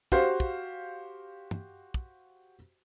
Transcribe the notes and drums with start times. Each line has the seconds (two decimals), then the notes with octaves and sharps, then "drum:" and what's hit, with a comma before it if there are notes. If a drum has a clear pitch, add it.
0.12 F#4 G4 C5 F5, drum: kick
0.40 drum: kick
1.51 drum: tom
1.94 drum: kick